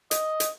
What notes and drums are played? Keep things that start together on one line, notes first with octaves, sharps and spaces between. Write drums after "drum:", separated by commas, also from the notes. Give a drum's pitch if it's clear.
D#5, drum: hi-hat
drum: hi-hat